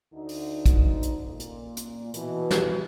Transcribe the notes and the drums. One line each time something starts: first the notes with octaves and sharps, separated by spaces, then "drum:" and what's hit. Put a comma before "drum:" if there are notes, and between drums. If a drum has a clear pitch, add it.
D2 D3 D#4
drum: open hi-hat
drum: kick, hi-hat
drum: hi-hat
A#2
drum: hi-hat
drum: hi-hat
B2 E3, drum: hi-hat
drum: snare